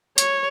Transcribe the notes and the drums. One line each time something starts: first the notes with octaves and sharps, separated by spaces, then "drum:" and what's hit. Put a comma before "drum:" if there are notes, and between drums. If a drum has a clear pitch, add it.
C#5, drum: hi-hat